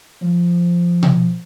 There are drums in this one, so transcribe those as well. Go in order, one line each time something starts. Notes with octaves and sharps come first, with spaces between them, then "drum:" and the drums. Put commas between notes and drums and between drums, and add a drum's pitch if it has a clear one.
F3
drum: tom B2